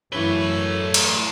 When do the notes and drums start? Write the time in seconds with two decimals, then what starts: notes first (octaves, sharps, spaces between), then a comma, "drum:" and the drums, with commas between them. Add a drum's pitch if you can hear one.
0.12 F#2 E3 A3 B4 C#5 E6 G7
0.94 drum: cymbal